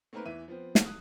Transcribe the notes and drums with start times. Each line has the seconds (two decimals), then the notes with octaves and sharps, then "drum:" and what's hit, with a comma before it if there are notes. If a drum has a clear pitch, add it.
0.13 A3 A#3 C4 D#4 A#4 B4
0.25 E2 E3 E5 D#7
0.48 F3 B3 C4
0.75 drum: snare
0.85 D#6 F#6